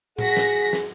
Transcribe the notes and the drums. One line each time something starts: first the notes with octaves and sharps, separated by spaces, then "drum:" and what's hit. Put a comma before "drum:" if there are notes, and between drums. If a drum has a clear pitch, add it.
F#4 G#4 A#6 B6, drum: tom A2
drum: snare
drum: snare